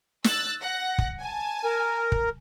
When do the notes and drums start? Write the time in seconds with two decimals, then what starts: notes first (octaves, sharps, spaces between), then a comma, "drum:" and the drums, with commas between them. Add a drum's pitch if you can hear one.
0.24 E6 F#6 A6, drum: snare
0.61 F#5 A#6
0.98 drum: kick
1.20 G#5 A5
1.64 A#4
2.12 drum: kick